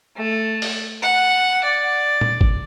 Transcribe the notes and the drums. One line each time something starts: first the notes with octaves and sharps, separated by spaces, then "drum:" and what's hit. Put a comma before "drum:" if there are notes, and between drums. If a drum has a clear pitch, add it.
A3
drum: open hi-hat
F#5
D5
drum: tom A#2
drum: kick G#1